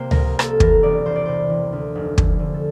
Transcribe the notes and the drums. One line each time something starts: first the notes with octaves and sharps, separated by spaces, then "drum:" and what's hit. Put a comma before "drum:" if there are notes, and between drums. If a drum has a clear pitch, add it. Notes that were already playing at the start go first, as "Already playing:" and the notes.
Already playing: C3 A#3 C5
A#4, drum: tom C#2
C2
A#3 A4, drum: rim click
E3 A#4, drum: kick
E1 D5
E1 C5
D5
C3 C5
E3
D2
F1
D3, drum: kick
D3
A4